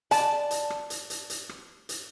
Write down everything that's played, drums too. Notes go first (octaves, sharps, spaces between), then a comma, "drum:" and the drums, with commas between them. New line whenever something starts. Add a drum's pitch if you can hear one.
D5 A5, drum: hi-hat
drum: hi-hat
drum: rim click
drum: hi-hat
drum: hi-hat
drum: hi-hat
drum: rim click
drum: hi-hat